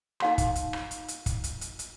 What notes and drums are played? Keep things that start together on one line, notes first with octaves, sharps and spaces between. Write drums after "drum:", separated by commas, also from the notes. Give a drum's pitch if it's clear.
D#4 F5 C6, drum: rim click
drum: kick, hi-hat
drum: hi-hat
drum: rim click
drum: hi-hat
drum: hi-hat
drum: kick, hi-hat
drum: hi-hat
drum: hi-hat
drum: hi-hat